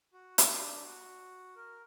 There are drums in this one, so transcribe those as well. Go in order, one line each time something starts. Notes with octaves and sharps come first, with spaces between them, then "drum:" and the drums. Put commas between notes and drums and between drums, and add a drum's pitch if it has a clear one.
F#4
D4, drum: hi-hat
F#4
A#4